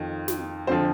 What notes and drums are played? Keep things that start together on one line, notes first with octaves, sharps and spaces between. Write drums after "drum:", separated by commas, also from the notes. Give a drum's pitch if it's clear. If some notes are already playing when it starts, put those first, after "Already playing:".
Already playing: F2 D#3
drum: snare
F2 D3 F3 C5